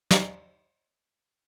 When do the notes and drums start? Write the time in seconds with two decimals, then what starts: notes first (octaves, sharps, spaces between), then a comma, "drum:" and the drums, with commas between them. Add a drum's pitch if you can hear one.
0.11 D5 D#5 F5 G#5 A#5, drum: snare